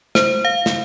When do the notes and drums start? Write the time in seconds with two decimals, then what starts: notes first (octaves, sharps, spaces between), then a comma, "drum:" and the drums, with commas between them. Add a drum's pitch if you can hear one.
0.15 C5, drum: snare
0.45 F5
0.66 drum: snare